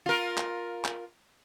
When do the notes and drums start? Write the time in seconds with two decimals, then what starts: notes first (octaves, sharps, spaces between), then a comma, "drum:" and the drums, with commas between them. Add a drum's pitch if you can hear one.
0.06 F4 A#4
0.37 drum: clap
0.85 drum: clap